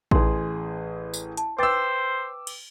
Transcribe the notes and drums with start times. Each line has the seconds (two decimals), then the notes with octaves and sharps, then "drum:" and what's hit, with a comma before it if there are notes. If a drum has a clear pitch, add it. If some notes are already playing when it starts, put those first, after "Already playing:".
0.11 A1 G#4 C6, drum: kick A1
1.14 drum: tambourine
1.37 A5, drum: hi-hat
1.59 B4 C5 G5 D6 E6 A6
2.47 drum: cymbal